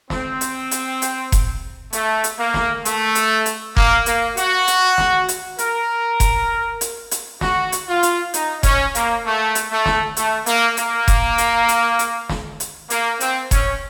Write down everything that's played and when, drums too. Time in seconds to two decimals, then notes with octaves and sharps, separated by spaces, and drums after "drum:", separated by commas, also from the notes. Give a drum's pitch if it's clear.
0.10 C4, drum: snare
0.41 drum: hi-hat
0.71 drum: hi-hat
1.02 drum: hi-hat
1.32 drum: kick F1, hi-hat
1.93 A3, drum: hi-hat
2.24 drum: hi-hat
2.38 A#3
2.54 drum: snare
2.85 A3, drum: hi-hat
3.15 drum: hi-hat
3.46 drum: hi-hat
3.77 A#3, drum: kick F1
4.06 A#3, drum: hi-hat
4.37 F#4, drum: hi-hat
4.68 drum: hi-hat
4.98 drum: snare
5.29 drum: hi-hat
5.59 A#4, drum: hi-hat
6.20 drum: kick F1, hi-hat
6.81 drum: hi-hat
7.11 drum: hi-hat
7.41 F#4, drum: snare
7.72 drum: hi-hat
7.88 F4
8.03 drum: hi-hat
8.34 D#4, drum: hi-hat
8.63 C#4, drum: kick F1, hi-hat
8.95 A#3, drum: hi-hat
9.25 A3
9.55 drum: hi-hat
9.71 A3
9.86 drum: snare
10.17 A3, drum: hi-hat
10.46 A#3, drum: hi-hat
10.77 A#3, drum: hi-hat
11.08 drum: kick F1, hi-hat
11.38 drum: hi-hat
11.69 drum: hi-hat
11.99 drum: hi-hat
12.29 drum: snare
12.60 drum: hi-hat
12.90 A#3, drum: hi-hat
13.20 C4, drum: hi-hat
13.51 C#4, drum: kick F1, hi-hat